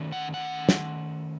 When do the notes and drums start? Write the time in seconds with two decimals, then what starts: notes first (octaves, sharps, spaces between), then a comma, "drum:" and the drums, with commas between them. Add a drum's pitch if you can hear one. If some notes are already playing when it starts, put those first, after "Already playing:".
Already playing: D#3 A3 C#4
0.12 F#5
0.34 F#5
0.69 drum: snare